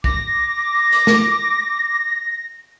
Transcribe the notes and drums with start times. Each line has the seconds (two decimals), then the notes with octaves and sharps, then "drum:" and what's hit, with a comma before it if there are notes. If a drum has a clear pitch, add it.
0.04 D6 A#6, drum: kick B1
0.92 drum: hi-hat
1.07 drum: snare